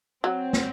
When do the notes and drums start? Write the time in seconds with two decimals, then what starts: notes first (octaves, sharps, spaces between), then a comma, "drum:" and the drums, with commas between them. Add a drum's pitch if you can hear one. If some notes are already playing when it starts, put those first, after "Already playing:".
0.24 F#3 C4
0.53 drum: snare